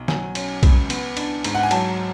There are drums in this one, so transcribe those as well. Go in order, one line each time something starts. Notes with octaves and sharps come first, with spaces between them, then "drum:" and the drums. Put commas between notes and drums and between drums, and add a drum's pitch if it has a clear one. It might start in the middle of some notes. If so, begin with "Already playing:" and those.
Already playing: B1
F#3 G#5, drum: snare
C#4, drum: cymbal
C#2, drum: kick B1, cymbal
B3, drum: cymbal
D4, drum: cymbal
G#2, drum: cymbal
F#5
G#5
F#3 A5, drum: cymbal